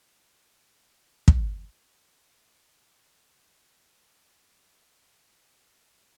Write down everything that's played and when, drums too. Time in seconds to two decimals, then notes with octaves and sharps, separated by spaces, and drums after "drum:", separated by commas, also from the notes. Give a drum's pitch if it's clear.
0.10 F4
1.28 drum: kick
2.05 D4
3.69 F2 E3 C4 D4